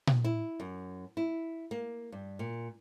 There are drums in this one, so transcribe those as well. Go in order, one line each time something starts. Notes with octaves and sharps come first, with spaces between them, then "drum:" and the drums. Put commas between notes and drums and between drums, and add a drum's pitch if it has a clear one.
drum: tom A#2
E4
F#2
E4
A#3
G2
A#2